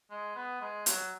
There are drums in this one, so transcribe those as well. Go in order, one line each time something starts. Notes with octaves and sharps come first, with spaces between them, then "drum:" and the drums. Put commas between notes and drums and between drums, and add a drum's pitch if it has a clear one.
G#3
B3
G#3
F#3, drum: hi-hat